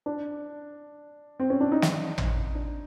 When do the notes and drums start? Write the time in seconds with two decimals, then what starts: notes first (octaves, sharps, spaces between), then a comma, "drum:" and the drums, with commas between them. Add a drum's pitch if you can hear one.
0.06 D4
1.40 C4
1.50 C#4
1.61 D4
1.72 D#4
1.82 drum: snare
2.18 drum: tom
2.55 D4